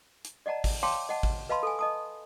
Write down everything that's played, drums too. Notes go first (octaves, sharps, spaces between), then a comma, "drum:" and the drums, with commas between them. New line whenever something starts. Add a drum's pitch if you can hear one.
drum: hi-hat
D5 D#5 F#5 A5 A#5
drum: kick G#1, open hi-hat
C#5 F5 G5 A5 C6 D6
D#5 F#5 A5
drum: kick G#1
B4 D#5 F5 A5 B5 C6
A4 G#5
D#5 A5 D#6